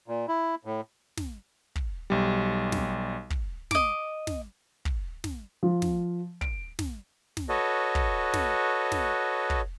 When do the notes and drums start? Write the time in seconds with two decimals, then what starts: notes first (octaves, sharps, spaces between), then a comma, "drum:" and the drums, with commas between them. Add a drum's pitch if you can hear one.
0.08 A#2
0.28 E4
0.65 A2
1.17 drum: snare
1.76 drum: kick
2.10 B1 G3
2.72 drum: snare
3.30 drum: kick
3.71 D#5 D6, drum: snare
4.27 drum: snare
4.85 drum: kick
5.24 drum: snare
5.63 F3
5.82 drum: snare
6.41 D7, drum: kick
6.79 drum: snare
7.37 drum: snare
7.49 F#4 A4 B4 C#5 D#5
7.95 drum: kick
8.34 drum: snare
8.92 drum: snare
9.50 drum: kick